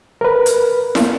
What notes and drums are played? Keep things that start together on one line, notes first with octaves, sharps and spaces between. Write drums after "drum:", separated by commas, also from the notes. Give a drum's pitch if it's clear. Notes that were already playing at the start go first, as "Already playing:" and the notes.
A#4 B4
drum: hi-hat
drum: snare E4